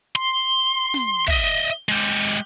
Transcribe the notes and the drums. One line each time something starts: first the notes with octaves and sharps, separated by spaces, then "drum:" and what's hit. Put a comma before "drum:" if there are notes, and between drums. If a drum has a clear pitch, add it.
C6, drum: hi-hat
drum: snare
D#5 E5, drum: kick
drum: hi-hat
G#3 G4